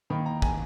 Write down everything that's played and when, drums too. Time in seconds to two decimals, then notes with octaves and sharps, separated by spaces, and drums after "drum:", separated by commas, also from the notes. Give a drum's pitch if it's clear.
0.10 D#3 A#3 B5
0.26 A#5
0.42 G#5, drum: kick